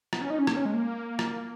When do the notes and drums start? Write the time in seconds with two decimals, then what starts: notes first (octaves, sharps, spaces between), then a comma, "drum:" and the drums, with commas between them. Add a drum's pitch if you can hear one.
0.13 B3, drum: rim click
0.21 C#4
0.30 D#4
0.39 C#4
0.47 A#3, drum: rim click
0.57 C#4
0.65 G#3
0.74 A#3
1.19 drum: rim click